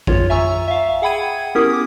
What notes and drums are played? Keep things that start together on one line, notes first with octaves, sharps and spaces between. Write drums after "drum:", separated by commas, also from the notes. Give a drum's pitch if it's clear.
F4 C#5, drum: kick A1
E5 G#5 A#5 C#6 E6
E5 F5
G#4 F#5 G5 B5 G#6 D#7
B3 C#4 E4 G4 A#4 D#6
D6 D#6